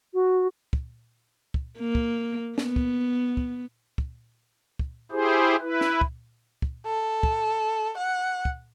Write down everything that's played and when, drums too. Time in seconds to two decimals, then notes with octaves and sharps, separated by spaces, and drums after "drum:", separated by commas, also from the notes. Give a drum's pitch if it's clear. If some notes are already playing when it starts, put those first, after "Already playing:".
0.14 F#4
0.73 drum: kick
1.54 drum: kick
1.78 A#3
1.95 drum: kick
2.58 B3, drum: snare
2.76 drum: kick
3.37 drum: kick
3.98 drum: kick
4.79 drum: kick
5.12 E4 G4 G#4 C5
5.61 E4 B4
5.81 drum: snare
6.01 drum: kick
6.62 drum: kick
6.86 A4
7.23 drum: kick
7.97 F#5
8.45 drum: kick